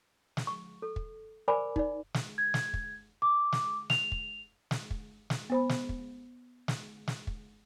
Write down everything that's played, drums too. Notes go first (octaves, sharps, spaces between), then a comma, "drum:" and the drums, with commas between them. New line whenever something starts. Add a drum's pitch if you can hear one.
drum: snare
C#6
A4
drum: kick
A#4 C5 D5 G#5 B5 D6
D#4 D5, drum: kick
drum: snare
G#6
drum: snare
drum: kick
D6
drum: snare
F7, drum: snare
drum: kick
drum: snare
drum: kick
drum: snare
B3 C5 B5
drum: snare
drum: kick
drum: snare
drum: snare
drum: kick